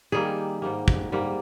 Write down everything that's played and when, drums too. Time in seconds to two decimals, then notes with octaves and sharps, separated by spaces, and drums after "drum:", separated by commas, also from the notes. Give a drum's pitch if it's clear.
0.12 D#3 G3 A#3 G#4
0.62 G#2 G3 A#3
0.88 drum: kick
1.12 G#2 G3 A#3